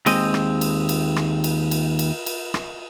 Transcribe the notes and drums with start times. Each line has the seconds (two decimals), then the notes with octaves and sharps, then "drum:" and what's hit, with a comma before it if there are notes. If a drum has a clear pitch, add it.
0.06 D#2 G#3 C4 D#5, drum: cymbal
0.34 drum: rim click
0.61 drum: cymbal
0.89 drum: cymbal
1.16 drum: rim click
1.44 drum: cymbal
1.71 drum: cymbal
1.99 drum: cymbal
2.26 drum: cymbal
2.54 drum: rim click